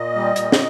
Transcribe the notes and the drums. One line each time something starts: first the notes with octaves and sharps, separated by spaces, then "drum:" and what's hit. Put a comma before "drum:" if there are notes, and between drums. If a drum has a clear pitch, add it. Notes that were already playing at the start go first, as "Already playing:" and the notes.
Already playing: A#2 D#5
G3
A#2, drum: hi-hat
drum: snare